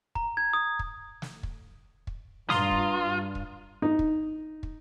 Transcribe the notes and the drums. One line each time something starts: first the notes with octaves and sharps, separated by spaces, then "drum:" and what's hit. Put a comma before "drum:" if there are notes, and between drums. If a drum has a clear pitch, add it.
A#5, drum: kick
G#6
D#6
drum: kick
drum: snare
drum: kick
drum: kick
G2 F4 A#5 C6 D#6, drum: snare
drum: kick
drum: kick
D#4
drum: kick
drum: kick